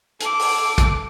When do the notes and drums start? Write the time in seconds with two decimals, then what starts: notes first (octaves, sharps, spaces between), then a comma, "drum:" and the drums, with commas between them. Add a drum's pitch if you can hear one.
0.20 A4 D6, drum: hi-hat
0.39 drum: open hi-hat
0.78 drum: kick, hi-hat